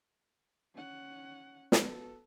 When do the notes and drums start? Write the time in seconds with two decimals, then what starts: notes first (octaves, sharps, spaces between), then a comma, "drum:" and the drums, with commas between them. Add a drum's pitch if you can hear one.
0.74 C#4 F#5
1.72 B3 F#4 A4, drum: snare